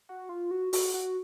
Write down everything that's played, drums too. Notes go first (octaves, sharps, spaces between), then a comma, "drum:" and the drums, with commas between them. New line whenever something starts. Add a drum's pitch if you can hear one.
F#4
F4
F#4
F#4, drum: open hi-hat
F#4